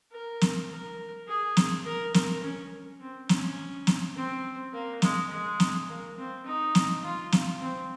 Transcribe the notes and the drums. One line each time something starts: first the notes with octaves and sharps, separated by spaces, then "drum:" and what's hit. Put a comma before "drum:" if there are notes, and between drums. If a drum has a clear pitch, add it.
A#4
drum: snare
A#4
G#4
drum: snare
A#4
A#4, drum: snare
C#4
C4
C#4, drum: snare
drum: snare
C4
A#3
G#3, drum: snare
G#3
drum: snare
A#3
C4
D#4
drum: snare
F4
drum: snare
C4